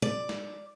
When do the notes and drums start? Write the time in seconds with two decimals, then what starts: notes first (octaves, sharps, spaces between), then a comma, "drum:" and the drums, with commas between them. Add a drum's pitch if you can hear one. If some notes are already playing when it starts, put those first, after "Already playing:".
0.02 D5, drum: tom A#2
0.29 drum: snare